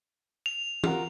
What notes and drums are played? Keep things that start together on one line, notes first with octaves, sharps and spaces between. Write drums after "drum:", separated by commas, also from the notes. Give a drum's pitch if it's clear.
F7
F4 F#4 A#4, drum: tom